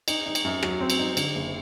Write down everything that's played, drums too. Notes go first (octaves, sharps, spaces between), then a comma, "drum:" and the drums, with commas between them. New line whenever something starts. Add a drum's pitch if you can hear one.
D#4, drum: cymbal
D#4
drum: cymbal
F#2
F#3, drum: rim click
C4
drum: cymbal
D#4
D3, drum: cymbal
F#1